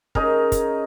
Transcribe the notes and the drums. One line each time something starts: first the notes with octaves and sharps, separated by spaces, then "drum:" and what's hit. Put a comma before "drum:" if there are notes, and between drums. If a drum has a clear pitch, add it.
C#4 D#4 G#4 A#4, drum: kick
drum: kick, hi-hat